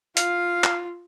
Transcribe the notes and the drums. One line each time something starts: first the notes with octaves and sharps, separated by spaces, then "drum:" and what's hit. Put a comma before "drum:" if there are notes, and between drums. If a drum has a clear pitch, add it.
F4 F5, drum: hi-hat
drum: clap